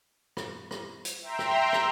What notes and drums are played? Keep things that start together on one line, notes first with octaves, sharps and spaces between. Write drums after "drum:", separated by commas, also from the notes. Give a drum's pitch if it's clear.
drum: rim click
drum: rim click
drum: hi-hat
E5 G5 A#5 C6
drum: rim click
drum: rim click